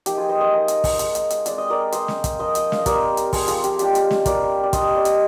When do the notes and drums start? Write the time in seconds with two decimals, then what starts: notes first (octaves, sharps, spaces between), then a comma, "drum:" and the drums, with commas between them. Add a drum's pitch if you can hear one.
0.06 F3 A#3 D#4 G4, drum: hi-hat
0.17 F4 G#4
0.29 C5 D#5
0.41 C5 D#5
0.53 A#3 D#4
0.68 drum: hi-hat
0.84 drum: kick, open hi-hat
0.99 G#3 D#4, drum: hi-hat
1.15 drum: hi-hat
1.30 drum: hi-hat
1.46 G#3 C4 F4 D5, drum: hi-hat
1.58 D#5
1.70 A#4 D5
1.92 A#3 F4 C5 D#5, drum: hi-hat
2.08 drum: snare
2.24 drum: kick, hi-hat
2.39 F3 A#3 F4 C5 D#5
2.55 drum: hi-hat
2.72 F5, drum: snare
2.79 D#5
2.86 G3 C4 F4 A#4 D5, drum: kick, hi-hat
3.17 drum: hi-hat
3.33 F3 A#3 F4 G#4 C5, drum: kick, open hi-hat
3.48 F4 G#4, drum: hi-hat
3.64 G4, drum: hi-hat
3.79 G#3 D4 F4 G4, drum: hi-hat
3.95 drum: hi-hat
4.11 drum: snare
4.26 G3 D4 F4 A#4 D5, drum: kick, hi-hat
4.63 D5
4.73 G3 D4 F4 C5 D#5, drum: kick, hi-hat
4.96 D5
5.05 D#5, drum: hi-hat